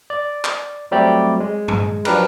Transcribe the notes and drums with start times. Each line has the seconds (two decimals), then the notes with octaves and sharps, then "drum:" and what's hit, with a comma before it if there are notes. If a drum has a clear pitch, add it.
0.10 D5
0.44 drum: clap
0.91 F#3 G3 A3 C4 G4 D5
1.40 G#3
1.68 drum: tom
2.05 F3 F#3 D4 G4 A#4 B4, drum: cymbal